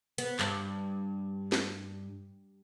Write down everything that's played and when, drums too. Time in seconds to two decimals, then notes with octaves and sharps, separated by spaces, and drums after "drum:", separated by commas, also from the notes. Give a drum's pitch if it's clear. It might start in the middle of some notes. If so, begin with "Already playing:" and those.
0.18 B3, drum: hi-hat
0.39 G2, drum: clap
1.52 drum: snare